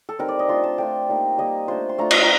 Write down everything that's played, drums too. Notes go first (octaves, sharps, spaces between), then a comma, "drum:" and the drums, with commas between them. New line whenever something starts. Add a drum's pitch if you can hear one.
A4
G3 C4 D#4 A#4
D5
D#5
A3 D4 F4 C6
A5
A3 D4 F4 G5
G3 A#3 D#4
G3 A#3 D#4 D#5
A3 D4 F4 C5
C6
A3 D4 F4 A#5
drum: cymbal
A#5